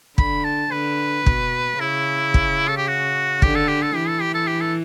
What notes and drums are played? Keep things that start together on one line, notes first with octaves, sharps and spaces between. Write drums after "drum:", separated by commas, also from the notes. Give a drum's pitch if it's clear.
D3 B5, drum: kick
A5
D3 B4
B2, drum: kick
C#3 E4
drum: kick
A4
G4
F#4
D3 G4, drum: kick
A4
G4
A4
E3 G4
A4
G4
A4
G4
A4